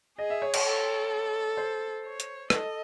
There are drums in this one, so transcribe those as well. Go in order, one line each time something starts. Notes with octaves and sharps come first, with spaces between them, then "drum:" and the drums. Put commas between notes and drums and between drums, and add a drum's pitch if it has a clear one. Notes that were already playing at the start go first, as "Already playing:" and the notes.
G#4 D#5
E5
C#5
C#5, drum: cymbal
A4
C5
C#5
drum: hi-hat
A4 D#5, drum: rim click